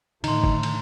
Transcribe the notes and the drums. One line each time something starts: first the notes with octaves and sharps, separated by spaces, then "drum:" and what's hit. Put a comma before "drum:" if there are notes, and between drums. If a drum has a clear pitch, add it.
A2 D3 D#3 D#4 A#5 C6, drum: cymbal
drum: kick G1
drum: cymbal